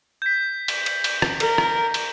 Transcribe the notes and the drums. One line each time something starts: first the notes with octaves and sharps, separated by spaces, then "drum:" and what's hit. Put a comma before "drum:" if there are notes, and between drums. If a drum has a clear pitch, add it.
G6 B6
drum: cymbal
drum: cymbal
drum: cymbal
drum: rim click
A#4, drum: cymbal
drum: rim click
drum: cymbal